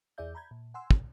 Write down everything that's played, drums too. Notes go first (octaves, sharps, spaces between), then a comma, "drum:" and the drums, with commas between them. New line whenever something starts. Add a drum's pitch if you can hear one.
E2 E4 G#4 D5 E5 G6
A#5 B5 G6 G#6
A#2
F#5 G#5 C6 E6
B1 G#2 C#3, drum: kick